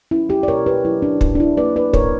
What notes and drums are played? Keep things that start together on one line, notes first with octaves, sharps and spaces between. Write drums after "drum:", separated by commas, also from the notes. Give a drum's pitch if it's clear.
F#3 C#4 E4
E4 G4
D5
B2 A#4 C#5
G4 B4
F#3 C#4 E4
D4
E3, drum: kick
D4
E4
A#3 D4 B4 D5
B4 D5
E3 A#4 C#5, drum: kick